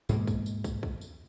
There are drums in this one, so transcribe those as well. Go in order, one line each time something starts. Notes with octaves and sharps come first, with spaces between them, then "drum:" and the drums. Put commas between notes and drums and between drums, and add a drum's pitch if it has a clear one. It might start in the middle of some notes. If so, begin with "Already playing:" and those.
G#2 B2 G#3 A#3, drum: tambourine
drum: kick, tambourine
drum: tambourine
drum: kick, tambourine
drum: kick
drum: tambourine